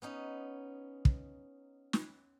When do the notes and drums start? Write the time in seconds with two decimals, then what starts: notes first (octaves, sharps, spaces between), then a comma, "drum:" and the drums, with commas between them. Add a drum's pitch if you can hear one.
0.02 B3 C#4 D#4
1.05 drum: kick
1.93 drum: snare